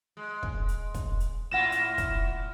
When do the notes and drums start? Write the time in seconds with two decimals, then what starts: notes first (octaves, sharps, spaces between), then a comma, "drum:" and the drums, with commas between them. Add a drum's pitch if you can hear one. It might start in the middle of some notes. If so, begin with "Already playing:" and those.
0.17 G#3
0.43 drum: kick
0.69 drum: hi-hat
0.94 drum: kick, hi-hat
1.20 drum: hi-hat
1.51 A2 E4 F4 F#5 A#6 E7
1.72 drum: hi-hat
1.98 drum: kick, hi-hat